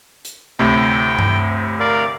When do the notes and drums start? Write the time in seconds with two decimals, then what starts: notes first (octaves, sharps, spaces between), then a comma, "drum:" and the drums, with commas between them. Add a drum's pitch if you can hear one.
0.25 drum: hi-hat
0.59 D2 A2 C3 G5
1.19 drum: tom G2
1.80 A#4 D5 F5